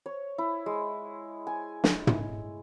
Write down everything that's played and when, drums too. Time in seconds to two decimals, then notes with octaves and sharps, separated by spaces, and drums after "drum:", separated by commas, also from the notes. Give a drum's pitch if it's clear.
0.06 C#5
0.38 E4
0.66 G#3
1.47 G#5
1.84 drum: snare
2.07 drum: tom